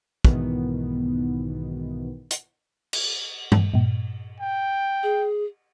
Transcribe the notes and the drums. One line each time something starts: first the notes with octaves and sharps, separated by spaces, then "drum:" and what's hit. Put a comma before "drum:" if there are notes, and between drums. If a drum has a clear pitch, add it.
B1 G#2 B2 D#3 E3 B3, drum: kick
drum: hi-hat
drum: cymbal
drum: tom G2
G2 A#2
G5
G#4